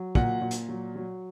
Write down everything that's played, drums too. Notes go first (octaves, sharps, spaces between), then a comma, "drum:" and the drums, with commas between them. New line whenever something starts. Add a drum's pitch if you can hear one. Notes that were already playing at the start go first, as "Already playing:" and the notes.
Already playing: F#3
A#2 F#5, drum: kick
A#2
drum: hi-hat
F#3
F#3